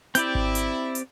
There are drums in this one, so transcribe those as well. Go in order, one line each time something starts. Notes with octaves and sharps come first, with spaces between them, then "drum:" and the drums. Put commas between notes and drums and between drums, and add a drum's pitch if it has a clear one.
C4 E4 G4 D5 G6, drum: hi-hat
drum: kick G#1
drum: hi-hat
drum: hi-hat